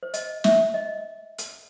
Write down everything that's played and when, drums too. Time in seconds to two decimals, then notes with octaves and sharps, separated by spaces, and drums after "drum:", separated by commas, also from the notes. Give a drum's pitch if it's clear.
0.03 C5
0.14 D#5, drum: hi-hat
0.44 E5, drum: snare
0.74 D#5
1.38 drum: hi-hat